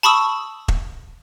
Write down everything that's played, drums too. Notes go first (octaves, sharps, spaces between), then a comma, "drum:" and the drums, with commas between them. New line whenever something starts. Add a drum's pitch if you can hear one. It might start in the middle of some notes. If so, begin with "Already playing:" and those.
A5 B5 C#6 D#6 E6
drum: kick E1